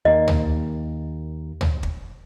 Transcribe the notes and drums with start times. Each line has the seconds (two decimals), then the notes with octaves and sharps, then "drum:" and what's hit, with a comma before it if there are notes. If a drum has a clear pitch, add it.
0.05 D#2 A#3 D#5
0.28 drum: tom
1.61 drum: tom
1.83 drum: kick